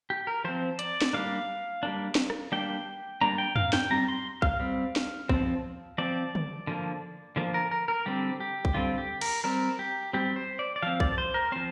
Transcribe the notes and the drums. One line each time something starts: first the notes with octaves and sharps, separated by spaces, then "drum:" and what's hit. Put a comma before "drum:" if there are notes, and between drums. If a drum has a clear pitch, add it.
G4
A#4
F3 C4 C5
D5, drum: hi-hat
drum: snare
G3 A#3 D4 F5
G3 A#3 D4
drum: snare
drum: rim click
G3 A#3 D4 G5
G3 A#3 D4 A#5
G5
F5, drum: tom
G5, drum: snare
G3 C4 A#5
C6
F5, drum: kick
G3 C4
drum: snare
F3 C4, drum: kick
F3 C4 D5
drum: tom
D3 F3 A#3
D3 F3 A#3
A#4
A#4
A#4
D3 G3 C4 G4
G4
drum: kick
D3 G3 C4 F4
G4
A#4, drum: cymbal
G3 C4 A#4
G4
G3 C4 G4
C5
D5
D5
F3 C4 F5
D5, drum: kick
C5
A#4
F3 C4 C5